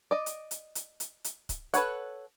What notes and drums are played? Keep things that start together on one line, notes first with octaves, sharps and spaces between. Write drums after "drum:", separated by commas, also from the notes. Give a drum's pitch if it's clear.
D5 D#5
drum: hi-hat
drum: hi-hat
drum: hi-hat
drum: hi-hat
drum: hi-hat
drum: kick C#1, hi-hat
A4 B4 C#5 F#5, drum: hi-hat